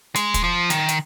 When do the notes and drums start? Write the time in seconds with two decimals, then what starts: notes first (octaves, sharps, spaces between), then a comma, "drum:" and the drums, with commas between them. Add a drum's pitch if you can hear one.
0.15 G#3, drum: hi-hat
0.34 drum: kick, hi-hat
0.44 F3
0.70 D#3, drum: hi-hat
0.89 drum: hi-hat